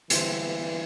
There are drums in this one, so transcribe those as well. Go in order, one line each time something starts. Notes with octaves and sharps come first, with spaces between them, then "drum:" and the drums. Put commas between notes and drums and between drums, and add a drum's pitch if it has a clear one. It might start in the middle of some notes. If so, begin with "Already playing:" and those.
G2 D3 E3 C4, drum: hi-hat